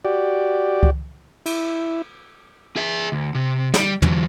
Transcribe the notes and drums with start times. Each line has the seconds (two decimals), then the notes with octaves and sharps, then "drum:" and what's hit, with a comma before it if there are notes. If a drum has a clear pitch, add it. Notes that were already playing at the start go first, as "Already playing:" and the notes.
0.05 F#4 G4 D5
0.83 drum: kick C#2
1.46 E4, drum: cymbal
2.76 G#4 E5
3.12 D2
3.35 C3
3.74 G3, drum: snare
4.02 E3 F#3, drum: tom